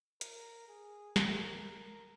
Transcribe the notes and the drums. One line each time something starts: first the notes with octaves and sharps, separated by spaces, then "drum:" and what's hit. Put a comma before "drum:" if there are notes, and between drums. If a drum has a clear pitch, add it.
A#4, drum: hi-hat
G#4
A#4, drum: snare
A#4